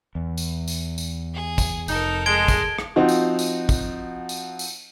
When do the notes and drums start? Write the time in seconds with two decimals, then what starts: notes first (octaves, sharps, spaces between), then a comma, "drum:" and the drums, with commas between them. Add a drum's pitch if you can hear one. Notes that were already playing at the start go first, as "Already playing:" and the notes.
0.15 E2
0.37 drum: tambourine
0.68 drum: tambourine
0.98 drum: tambourine
1.35 G#4
1.58 drum: kick, tambourine
1.88 F1 D#4 A4 A#4, drum: tambourine
2.26 G#3 G#6 D7 G7
2.48 drum: kick, tambourine
2.78 drum: rim click
2.96 F3 C4 D#4 F#4
3.09 drum: tambourine
3.39 drum: tambourine
3.69 drum: kick, tambourine
4.29 drum: tambourine
4.59 drum: tambourine